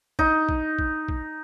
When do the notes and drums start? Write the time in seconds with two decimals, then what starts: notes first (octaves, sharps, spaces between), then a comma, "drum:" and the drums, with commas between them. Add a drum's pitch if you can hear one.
0.19 D#4, drum: kick
0.49 drum: kick
0.79 drum: kick
1.08 drum: kick